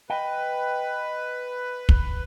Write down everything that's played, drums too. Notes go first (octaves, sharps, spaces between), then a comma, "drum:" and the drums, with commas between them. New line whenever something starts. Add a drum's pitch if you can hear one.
B4 D#5 G5
drum: kick